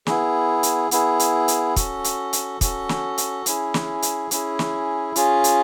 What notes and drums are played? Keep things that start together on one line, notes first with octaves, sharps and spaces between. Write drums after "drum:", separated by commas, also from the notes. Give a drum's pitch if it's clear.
B3 E4 G#4, drum: snare
drum: hi-hat
B3 E4 G#4, drum: hi-hat
drum: hi-hat
drum: hi-hat
C#4 F#4 A4, drum: kick, hi-hat
drum: hi-hat
drum: hi-hat
C#4 F#4 A4, drum: kick, hi-hat
drum: snare
drum: hi-hat
C#4 E4 G#4, drum: hi-hat
drum: snare
drum: hi-hat
C#4 E4 G#4, drum: hi-hat
drum: snare
C#4 F4 G#4, drum: hi-hat
drum: hi-hat